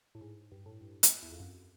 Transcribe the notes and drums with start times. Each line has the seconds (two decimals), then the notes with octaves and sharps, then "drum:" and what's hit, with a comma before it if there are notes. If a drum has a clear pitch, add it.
0.15 A2
0.21 G#2
0.52 G2
0.66 A2
0.81 G2
1.03 drum: hi-hat
1.22 E2
1.32 F2
1.40 F#2